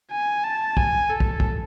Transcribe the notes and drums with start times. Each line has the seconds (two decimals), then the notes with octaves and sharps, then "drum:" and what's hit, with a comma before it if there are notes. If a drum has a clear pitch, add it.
0.12 G#5
0.44 A5
0.77 G#5, drum: kick
1.10 A4
1.20 drum: kick
1.40 drum: kick